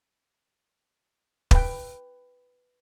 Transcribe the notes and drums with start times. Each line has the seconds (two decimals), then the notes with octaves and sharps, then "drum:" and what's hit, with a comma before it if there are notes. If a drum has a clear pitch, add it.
1.51 B4 G5, drum: kick